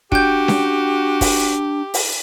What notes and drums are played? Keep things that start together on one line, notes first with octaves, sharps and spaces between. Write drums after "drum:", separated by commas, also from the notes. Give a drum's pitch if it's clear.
D4 F#4 G4 G5 G6, drum: kick
drum: snare C#4
drum: kick, open hi-hat
drum: open hi-hat